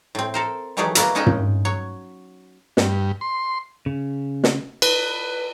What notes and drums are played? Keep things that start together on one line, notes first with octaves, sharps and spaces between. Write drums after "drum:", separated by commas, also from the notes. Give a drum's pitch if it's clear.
A2 C4
A4 A#4 C5
D#3 E3 F#3 A3 G4 G#4
B2 A#3 E4 F#4 D5, drum: hi-hat
G#3 C#4 D#4 D#5 E5 G5
drum: tom
F#3 C#5
G2, drum: snare
C6
C#3
drum: snare
B4, drum: cymbal